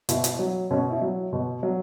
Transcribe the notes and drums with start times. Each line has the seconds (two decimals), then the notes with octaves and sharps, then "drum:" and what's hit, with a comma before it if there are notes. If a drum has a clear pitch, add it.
0.09 B2 E4, drum: hi-hat
0.24 drum: hi-hat
0.39 F#3
0.71 B2 C#4
0.91 E4
1.02 F#3
1.33 B2
1.63 F#3